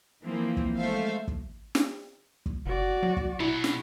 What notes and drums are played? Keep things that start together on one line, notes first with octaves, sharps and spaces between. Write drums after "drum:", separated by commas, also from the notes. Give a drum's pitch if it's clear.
E3 F3 A#3 C4
drum: kick
G#3 A3 A4 C5 E5 F5
drum: kick
drum: snare
drum: kick
F#1 F#4 D5
F#3
drum: kick
B2 F#3 E4
drum: snare